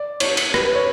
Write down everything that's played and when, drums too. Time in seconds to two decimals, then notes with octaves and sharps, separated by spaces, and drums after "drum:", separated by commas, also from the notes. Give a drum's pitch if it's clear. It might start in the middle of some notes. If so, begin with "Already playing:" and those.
Already playing: D5
0.20 C#5, drum: cymbal
0.37 drum: cymbal
0.54 B4, drum: rim click
0.65 B4
0.75 C#5